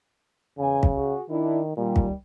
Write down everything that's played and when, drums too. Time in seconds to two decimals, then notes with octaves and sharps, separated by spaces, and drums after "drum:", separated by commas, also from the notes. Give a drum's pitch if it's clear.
0.59 E2 C#3 G#5
0.83 drum: kick
0.96 F#4 G#4
1.29 D#3 D4 E4
1.77 A#2 D#3 G3
1.96 drum: kick